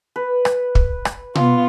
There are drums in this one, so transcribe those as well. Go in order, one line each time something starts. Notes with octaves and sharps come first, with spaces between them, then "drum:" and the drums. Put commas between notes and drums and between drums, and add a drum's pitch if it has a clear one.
B4
drum: rim click
drum: kick
drum: rim click
B3 F4, drum: tom B2